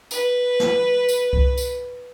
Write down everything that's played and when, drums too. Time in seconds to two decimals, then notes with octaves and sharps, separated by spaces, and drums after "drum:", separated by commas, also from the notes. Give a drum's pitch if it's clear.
0.11 B4, drum: tambourine
0.60 drum: snare
1.09 drum: tambourine
1.33 drum: kick C2
1.57 drum: tambourine